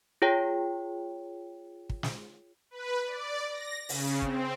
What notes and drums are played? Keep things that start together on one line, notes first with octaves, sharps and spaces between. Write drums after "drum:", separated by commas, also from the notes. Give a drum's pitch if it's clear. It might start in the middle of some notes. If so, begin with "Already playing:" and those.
F4 G#4 C#5 G5
drum: kick
drum: snare
B4
D5
A#6
C#3, drum: open hi-hat
C4, drum: kick